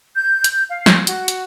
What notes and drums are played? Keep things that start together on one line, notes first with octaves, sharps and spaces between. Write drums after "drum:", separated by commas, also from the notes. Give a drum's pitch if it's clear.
G6
drum: hi-hat
F5
drum: snare
F#4, drum: hi-hat
drum: hi-hat